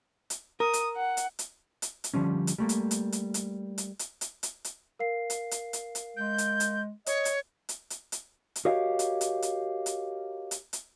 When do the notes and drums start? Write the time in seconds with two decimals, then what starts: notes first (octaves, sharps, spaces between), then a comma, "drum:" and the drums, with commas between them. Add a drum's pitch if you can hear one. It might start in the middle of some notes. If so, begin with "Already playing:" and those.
0.30 drum: hi-hat
0.60 A#4 D#6
0.73 drum: hi-hat
0.97 F#5
1.17 drum: hi-hat
1.39 drum: hi-hat
1.82 drum: hi-hat
2.04 drum: hi-hat
2.14 D3 F3 G3 C#4
2.47 drum: hi-hat
2.58 G3 A3 A#3
2.69 drum: hi-hat
2.91 drum: hi-hat
3.12 drum: hi-hat
3.34 drum: hi-hat
3.78 drum: hi-hat
3.99 drum: hi-hat
4.21 drum: hi-hat
4.43 drum: hi-hat
4.64 drum: hi-hat
4.99 A#4 F5 C7
5.30 drum: hi-hat
5.51 drum: hi-hat
5.73 drum: hi-hat
5.95 drum: hi-hat
6.17 G#3 G6
6.38 drum: hi-hat
6.60 drum: hi-hat
7.06 C#5 D#5, drum: hi-hat
7.25 drum: hi-hat
7.69 drum: hi-hat
7.90 drum: hi-hat
8.12 drum: hi-hat
8.56 drum: hi-hat
8.65 F#4 G4 A#4 C#5 D#5 F5
8.99 drum: hi-hat
9.21 drum: hi-hat
9.42 drum: hi-hat
9.86 drum: hi-hat
10.51 drum: hi-hat
10.73 drum: hi-hat